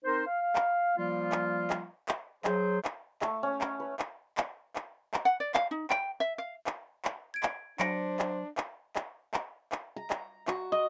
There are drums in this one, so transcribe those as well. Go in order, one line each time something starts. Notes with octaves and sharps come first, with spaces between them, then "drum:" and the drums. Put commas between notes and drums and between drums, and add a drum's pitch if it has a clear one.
C4 D#4 A#4 C5
F5
drum: clap
F3 G3 A#3 F4
drum: clap
drum: clap
drum: clap
F#3 G#4 C5, drum: clap
drum: clap
A3, drum: clap
C#4
drum: clap
B4
drum: clap
drum: clap
drum: clap
drum: clap
F#5
D5
F5, drum: clap
D#4
G5, drum: clap
E5
F5
drum: clap
drum: clap
G#6 D7
drum: clap
F#3 D4 C5 A#6 C#7 D7, drum: clap
drum: clap
drum: clap
drum: clap
drum: clap
drum: clap
A#5
drum: clap
F#4, drum: clap
D#5